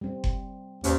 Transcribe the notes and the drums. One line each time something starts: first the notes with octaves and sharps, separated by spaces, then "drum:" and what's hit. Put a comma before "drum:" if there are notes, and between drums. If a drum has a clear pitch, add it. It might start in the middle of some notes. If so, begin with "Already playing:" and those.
G3 C4
drum: kick F#1
D#2 C#4 C5 D5, drum: hi-hat